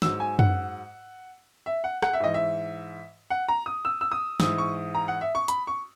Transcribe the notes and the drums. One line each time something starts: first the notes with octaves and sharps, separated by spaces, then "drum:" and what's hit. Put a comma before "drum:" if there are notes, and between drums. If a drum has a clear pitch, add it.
G#2 F#3 E6, drum: snare
G#5
F#5, drum: tom F#2
E5
F#5
F#5, drum: rim click
E5
G#2 E3 D#5
E5
F#5
A#5
D#6
E6
E6
D#6
G#2 E3 D#6, drum: snare
C#6
A#5
F#5
E5
C#6
B5, drum: hi-hat
C#6